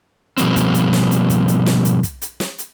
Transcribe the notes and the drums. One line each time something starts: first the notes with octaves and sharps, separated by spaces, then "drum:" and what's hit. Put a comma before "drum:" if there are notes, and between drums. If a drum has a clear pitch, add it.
B2 F3 G3 A#3 C4, drum: hi-hat
drum: kick, hi-hat
drum: hi-hat
drum: snare
drum: hi-hat
drum: kick, hi-hat
drum: hi-hat
drum: snare
drum: hi-hat
drum: kick, hi-hat
drum: hi-hat
drum: snare
drum: hi-hat